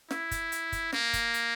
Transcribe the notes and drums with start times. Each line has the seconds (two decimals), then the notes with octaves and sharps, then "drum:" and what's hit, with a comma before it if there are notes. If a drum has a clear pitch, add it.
0.11 E4, drum: snare
0.31 drum: kick, hi-hat
0.52 drum: hi-hat
0.72 drum: kick, hi-hat
0.93 A#3, drum: snare
1.13 drum: kick, hi-hat
1.34 drum: hi-hat